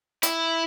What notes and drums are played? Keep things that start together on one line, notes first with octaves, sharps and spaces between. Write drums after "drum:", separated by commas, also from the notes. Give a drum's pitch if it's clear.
E4, drum: hi-hat